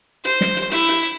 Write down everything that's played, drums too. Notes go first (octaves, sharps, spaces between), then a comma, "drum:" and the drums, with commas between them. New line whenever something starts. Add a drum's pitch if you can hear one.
C5, drum: hi-hat
drum: snare
drum: hi-hat
E4, drum: hi-hat
drum: hi-hat